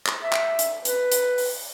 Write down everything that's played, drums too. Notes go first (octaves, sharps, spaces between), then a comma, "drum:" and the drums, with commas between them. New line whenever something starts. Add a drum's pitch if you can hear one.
drum: clap
E5
drum: clap
drum: hi-hat
B4, drum: hi-hat
drum: hi-hat
drum: open hi-hat